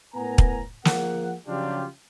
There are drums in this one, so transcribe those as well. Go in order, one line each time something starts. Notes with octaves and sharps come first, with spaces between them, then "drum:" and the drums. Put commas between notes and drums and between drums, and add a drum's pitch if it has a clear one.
A2 B3 A#4 G#5 A#5
drum: kick
F3 A#3 G#4 F#5, drum: snare
C#3 F3 F#3 D4 F4 G4